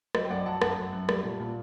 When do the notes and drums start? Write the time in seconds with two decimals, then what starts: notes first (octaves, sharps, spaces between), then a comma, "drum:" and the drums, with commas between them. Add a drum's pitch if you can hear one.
0.15 F#3 C5 D#5, drum: rim click
0.25 G5
0.30 F#2 D5 F#5
0.46 F#3 F#5 A5
0.62 F#2 F#5 A5, drum: rim click
0.77 F#2
0.93 F#2
1.09 G3, drum: rim click
1.23 A#2
1.40 A#2